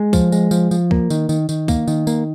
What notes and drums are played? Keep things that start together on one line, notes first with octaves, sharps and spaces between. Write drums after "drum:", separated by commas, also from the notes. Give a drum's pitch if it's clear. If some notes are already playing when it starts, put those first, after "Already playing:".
Already playing: G#3
F3, drum: kick, tambourine
G#3, drum: tambourine
F3, drum: tambourine
F3, drum: tambourine
A#3, drum: kick
D#3, drum: tambourine
D#3, drum: tambourine
D#3, drum: tambourine
A#3, drum: kick, tambourine
D#3, drum: tambourine
A#3, drum: tambourine